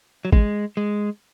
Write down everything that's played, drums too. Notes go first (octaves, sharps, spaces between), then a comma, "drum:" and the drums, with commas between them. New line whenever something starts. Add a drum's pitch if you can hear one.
F#3
G#3, drum: kick G#1
G#3